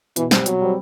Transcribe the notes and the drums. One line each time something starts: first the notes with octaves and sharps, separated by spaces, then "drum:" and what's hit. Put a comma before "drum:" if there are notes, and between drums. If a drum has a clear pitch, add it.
B2 E3, drum: hi-hat
G3 C4, drum: snare
B2 F#3, drum: hi-hat
G3 C4